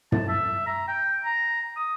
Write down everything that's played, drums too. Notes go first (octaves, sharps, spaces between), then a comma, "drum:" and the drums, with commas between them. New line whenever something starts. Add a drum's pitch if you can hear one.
A5, drum: tom
E5
A#5
G5
A#5
D#6